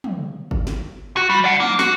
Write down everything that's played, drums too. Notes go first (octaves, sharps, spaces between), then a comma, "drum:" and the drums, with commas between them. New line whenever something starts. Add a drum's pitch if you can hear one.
drum: tom
drum: kick G#1
drum: snare
F#4
G3
D5 F#5
A#3, drum: tom
F#4, drum: snare